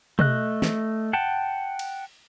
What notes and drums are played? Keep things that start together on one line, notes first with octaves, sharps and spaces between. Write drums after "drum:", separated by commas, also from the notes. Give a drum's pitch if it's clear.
A3 D#5 F#6, drum: tom
drum: snare
F#5 G5 A5
drum: cymbal